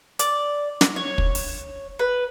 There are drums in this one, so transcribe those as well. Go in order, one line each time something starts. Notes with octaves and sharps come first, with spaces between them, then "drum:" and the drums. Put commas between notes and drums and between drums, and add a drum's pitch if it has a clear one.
D5, drum: hi-hat
drum: snare
C#5
drum: kick
drum: open hi-hat
B4